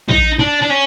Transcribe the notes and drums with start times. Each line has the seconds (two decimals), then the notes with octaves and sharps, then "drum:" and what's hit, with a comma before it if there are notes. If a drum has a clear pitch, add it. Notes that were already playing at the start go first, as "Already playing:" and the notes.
0.09 D#4, drum: kick
0.39 D4
0.62 D4
0.70 C#4